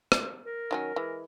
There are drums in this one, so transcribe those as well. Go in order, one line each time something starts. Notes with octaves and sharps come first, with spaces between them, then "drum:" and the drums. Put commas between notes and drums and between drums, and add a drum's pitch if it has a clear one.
drum: rim click
A#4
D#3 F#3 C#4
E3 G#3